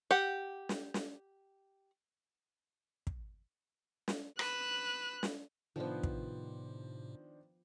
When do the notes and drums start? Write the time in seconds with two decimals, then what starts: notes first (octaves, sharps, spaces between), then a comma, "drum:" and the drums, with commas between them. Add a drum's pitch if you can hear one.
0.11 G4 F#5
0.69 drum: snare
0.94 drum: snare
3.07 drum: kick
4.08 drum: snare
4.39 B4 F#6 E7, drum: rim click
5.23 drum: snare
5.76 A2 C3 D#3 F3 B3 D4 C5
6.03 drum: kick